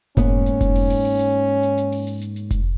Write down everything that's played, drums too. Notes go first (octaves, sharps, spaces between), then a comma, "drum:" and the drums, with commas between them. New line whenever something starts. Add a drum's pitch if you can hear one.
G#2 A#3 B3 C#4, drum: kick F1, hi-hat
drum: hi-hat
drum: kick F1, hi-hat
drum: open hi-hat
drum: open hi-hat
drum: open hi-hat
drum: hi-hat
drum: hi-hat
drum: hi-hat
drum: open hi-hat
drum: hi-hat
drum: hi-hat
drum: hi-hat
drum: kick F1, hi-hat